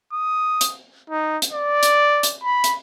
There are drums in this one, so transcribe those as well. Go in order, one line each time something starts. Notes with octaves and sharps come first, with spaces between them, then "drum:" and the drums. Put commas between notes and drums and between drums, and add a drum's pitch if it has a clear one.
D#6
drum: hi-hat
D#4
drum: hi-hat
D5
drum: hi-hat
drum: hi-hat
B5
drum: hi-hat